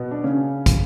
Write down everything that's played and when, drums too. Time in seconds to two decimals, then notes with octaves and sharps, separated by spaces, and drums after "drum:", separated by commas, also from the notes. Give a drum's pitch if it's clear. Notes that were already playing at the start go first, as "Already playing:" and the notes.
Already playing: B2 B3
0.11 D4
0.24 C#3 C#4
0.66 drum: kick, hi-hat